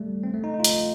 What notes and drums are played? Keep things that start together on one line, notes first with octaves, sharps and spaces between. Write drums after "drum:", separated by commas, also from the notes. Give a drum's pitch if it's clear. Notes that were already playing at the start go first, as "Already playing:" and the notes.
Already playing: G3 A3
C4
A3
D#4
D#4
F4
D#4, drum: hi-hat